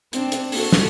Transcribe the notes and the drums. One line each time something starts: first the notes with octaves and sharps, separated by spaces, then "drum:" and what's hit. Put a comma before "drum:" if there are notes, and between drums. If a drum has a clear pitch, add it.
C4 D4, drum: hi-hat
drum: hi-hat
A#3 F#4 A4, drum: open hi-hat
drum: snare